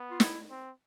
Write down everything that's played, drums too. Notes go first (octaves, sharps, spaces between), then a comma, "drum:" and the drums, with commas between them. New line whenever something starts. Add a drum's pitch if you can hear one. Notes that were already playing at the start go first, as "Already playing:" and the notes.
Already playing: B3
F4
E4, drum: snare
C4